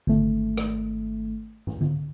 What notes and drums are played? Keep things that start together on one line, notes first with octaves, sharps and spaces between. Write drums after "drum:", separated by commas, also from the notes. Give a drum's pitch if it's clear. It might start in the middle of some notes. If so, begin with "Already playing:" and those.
G#1 A3, drum: tom D3
drum: rim click
drum: tom
drum: tom D3